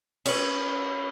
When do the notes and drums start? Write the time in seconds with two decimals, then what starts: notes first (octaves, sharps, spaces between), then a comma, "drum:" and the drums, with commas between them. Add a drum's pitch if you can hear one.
0.26 C#4 B4, drum: cymbal